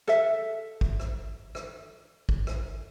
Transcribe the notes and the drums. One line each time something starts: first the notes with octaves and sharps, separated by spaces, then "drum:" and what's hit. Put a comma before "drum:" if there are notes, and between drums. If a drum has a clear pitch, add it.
A4 E5, drum: rim click
drum: kick G#1
drum: rim click
drum: rim click
drum: kick G#1
drum: rim click